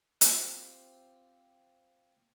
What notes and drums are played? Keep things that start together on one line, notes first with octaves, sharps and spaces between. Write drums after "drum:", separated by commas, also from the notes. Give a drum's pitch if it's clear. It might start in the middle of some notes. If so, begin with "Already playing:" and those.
C4 F4 G4, drum: hi-hat